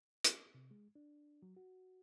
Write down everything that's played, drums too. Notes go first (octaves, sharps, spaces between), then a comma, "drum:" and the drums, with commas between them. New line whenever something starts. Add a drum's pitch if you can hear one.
D6, drum: hi-hat
C3
G#3
D4
F#3
F#4